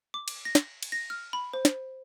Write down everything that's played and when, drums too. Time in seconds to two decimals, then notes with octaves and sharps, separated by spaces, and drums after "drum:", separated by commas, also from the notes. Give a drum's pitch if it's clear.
0.14 D6
0.28 drum: cymbal
0.45 A#6
0.55 drum: snare
0.83 drum: cymbal
0.92 A#6
1.10 F6
1.33 B5
1.53 C5
1.65 drum: snare